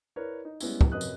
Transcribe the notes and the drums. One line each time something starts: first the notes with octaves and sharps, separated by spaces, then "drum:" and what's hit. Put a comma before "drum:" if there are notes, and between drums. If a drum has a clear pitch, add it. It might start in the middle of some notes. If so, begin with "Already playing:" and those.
E4 A#4 B4 C#5 D5
D#4
G3 G#3 B3 C#4 E4, drum: tambourine
drum: kick
F#2 C3 B4 D#5 D#6 F#6
drum: tambourine